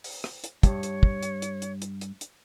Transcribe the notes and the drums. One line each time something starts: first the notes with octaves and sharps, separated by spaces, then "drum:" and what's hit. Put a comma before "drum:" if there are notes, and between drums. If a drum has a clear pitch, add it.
drum: open hi-hat
drum: rim click
drum: hi-hat
G2 C#5, drum: kick, hi-hat
drum: hi-hat
drum: kick
drum: hi-hat
drum: hi-hat
drum: hi-hat
drum: hi-hat
drum: hi-hat
drum: hi-hat